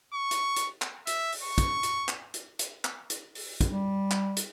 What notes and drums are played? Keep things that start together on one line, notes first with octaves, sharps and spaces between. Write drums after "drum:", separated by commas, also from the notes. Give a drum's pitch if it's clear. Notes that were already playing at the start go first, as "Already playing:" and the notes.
C#6
drum: hi-hat
drum: hi-hat
drum: clap
E5, drum: hi-hat
drum: open hi-hat
C#6
drum: kick, hi-hat
drum: hi-hat
drum: clap
drum: hi-hat
drum: hi-hat
drum: clap
drum: hi-hat
drum: open hi-hat
drum: kick, hi-hat
G3
drum: clap
drum: hi-hat